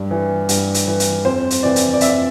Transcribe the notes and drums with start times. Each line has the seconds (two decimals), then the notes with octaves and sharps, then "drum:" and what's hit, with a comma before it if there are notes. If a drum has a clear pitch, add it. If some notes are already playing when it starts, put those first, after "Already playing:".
Already playing: G2
0.11 E3
0.49 G2, drum: hi-hat
0.74 drum: hi-hat
0.87 E3
1.00 drum: hi-hat
1.25 F2 C5
1.51 drum: hi-hat
1.63 C3 E3 D5
1.76 drum: hi-hat
1.93 D5
2.01 F2 E5, drum: hi-hat